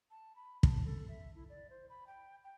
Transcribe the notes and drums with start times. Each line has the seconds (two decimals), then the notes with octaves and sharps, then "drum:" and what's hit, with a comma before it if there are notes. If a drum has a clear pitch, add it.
0.11 A5
0.36 B5
0.63 A5, drum: kick
0.86 A4
1.08 E5
1.35 E4
1.49 D5
1.70 C5
1.89 B5
2.07 G5
2.44 G5